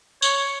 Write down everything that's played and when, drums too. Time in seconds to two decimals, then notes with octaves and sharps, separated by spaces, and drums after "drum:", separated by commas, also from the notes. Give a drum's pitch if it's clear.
0.22 C#5, drum: tambourine